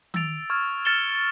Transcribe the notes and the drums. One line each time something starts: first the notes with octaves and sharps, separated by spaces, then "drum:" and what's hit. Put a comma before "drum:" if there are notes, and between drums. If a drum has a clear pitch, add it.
E6 A6 D7 F7, drum: tom D#3
C#6 F6 G#6
F6 A6 C#7 E7 G7